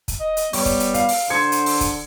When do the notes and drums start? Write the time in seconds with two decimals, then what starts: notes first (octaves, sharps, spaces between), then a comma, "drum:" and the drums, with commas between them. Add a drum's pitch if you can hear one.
0.08 drum: kick, hi-hat
0.20 D#5
0.37 drum: hi-hat
0.53 G3 B3 C#5, drum: open hi-hat
0.65 drum: kick, hi-hat
0.80 drum: hi-hat
0.94 F5, drum: hi-hat
1.09 drum: open hi-hat
1.30 D3 C5 G#6 C#7
1.52 drum: hi-hat
1.66 drum: open hi-hat
1.81 drum: kick, hi-hat